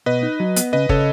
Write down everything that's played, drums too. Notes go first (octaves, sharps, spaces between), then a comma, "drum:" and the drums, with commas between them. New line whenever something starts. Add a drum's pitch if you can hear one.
B2 B4 D#5
D#4
F#3
B3, drum: hi-hat
C#3 B4 D#5
C#3 A4 C#5, drum: kick